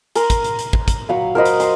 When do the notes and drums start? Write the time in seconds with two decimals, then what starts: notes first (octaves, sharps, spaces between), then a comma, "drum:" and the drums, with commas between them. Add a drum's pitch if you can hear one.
0.15 A#4 A#5 C6, drum: hi-hat
0.30 drum: kick, hi-hat
0.44 drum: hi-hat
0.59 drum: hi-hat
0.73 drum: kick
0.88 drum: kick, hi-hat
1.09 F#3 F5 B5
1.35 A#4 C5 D#5 B5
1.45 drum: hi-hat
1.60 C6, drum: hi-hat